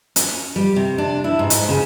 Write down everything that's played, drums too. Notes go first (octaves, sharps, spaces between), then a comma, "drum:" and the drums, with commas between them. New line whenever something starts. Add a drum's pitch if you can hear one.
C#4, drum: hi-hat
G3
C3
D4
E4
G#2
drum: hi-hat
C#3